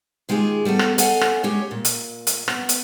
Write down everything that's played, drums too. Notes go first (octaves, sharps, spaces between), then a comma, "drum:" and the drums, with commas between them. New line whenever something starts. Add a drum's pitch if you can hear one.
D#3 G#3 F4 G4 G#4
G3 A3 B3 A4
drum: rim click
A4 C#5 D#5 F5 F#5 G#5, drum: hi-hat
drum: rim click
G#3 C#4 G4 C#5
A#2
drum: hi-hat
drum: hi-hat
B3, drum: rim click
drum: hi-hat